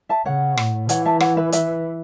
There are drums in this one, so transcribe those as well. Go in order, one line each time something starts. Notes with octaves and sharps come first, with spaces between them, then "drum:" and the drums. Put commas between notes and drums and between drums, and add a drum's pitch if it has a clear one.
E5 A5
C#3 C#5 F#5
A2, drum: rim click
E3 C#5 F#5, drum: hi-hat
E5 A5
C#5 F#5, drum: rim click
B4 E5
B4 E5, drum: hi-hat